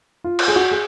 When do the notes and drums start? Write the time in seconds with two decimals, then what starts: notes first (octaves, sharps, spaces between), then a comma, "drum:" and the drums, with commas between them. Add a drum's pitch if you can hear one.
0.24 F4
0.39 drum: cymbal
0.48 G#4
0.56 F#4
0.72 G#4